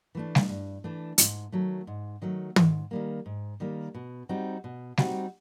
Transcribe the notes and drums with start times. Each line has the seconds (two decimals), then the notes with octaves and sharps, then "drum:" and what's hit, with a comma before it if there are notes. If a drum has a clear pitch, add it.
0.15 E3 A3 D4
0.35 drum: snare
0.49 G2
0.84 E3 A3 D4
1.18 G#2, drum: hi-hat
1.52 D#3 F#3 A3
1.87 G#2
2.22 D#3 F#3 A3
2.56 G#2, drum: tom
2.91 D#3 G3 A#3
3.26 G#2
3.60 D#3 G3 A#3
3.95 B2
4.29 G3 C4 D#4 F#4
4.64 B2
4.97 G3 C4 D#4 F#4, drum: snare